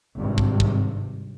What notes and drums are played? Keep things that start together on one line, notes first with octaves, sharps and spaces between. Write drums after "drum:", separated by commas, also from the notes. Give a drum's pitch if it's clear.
G#1 G2 C3
drum: kick
drum: kick